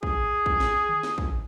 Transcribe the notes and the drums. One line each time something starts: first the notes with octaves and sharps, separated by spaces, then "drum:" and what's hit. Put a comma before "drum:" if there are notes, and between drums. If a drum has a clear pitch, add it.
G#4, drum: kick
drum: kick
drum: snare
drum: tom D3
drum: snare
drum: kick